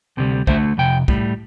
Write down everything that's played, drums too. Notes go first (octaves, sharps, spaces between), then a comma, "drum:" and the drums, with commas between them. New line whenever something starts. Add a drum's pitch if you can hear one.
D2 C3 G3
D2 D3 A3 C5 E5, drum: kick
F2 C3 G5
A2 G3, drum: kick